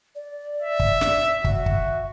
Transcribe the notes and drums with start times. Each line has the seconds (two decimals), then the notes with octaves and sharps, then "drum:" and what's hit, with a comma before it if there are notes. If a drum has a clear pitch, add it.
0.15 D5
0.62 E5
0.80 drum: kick
1.01 drum: snare
1.44 F#4 E5, drum: kick
1.66 drum: kick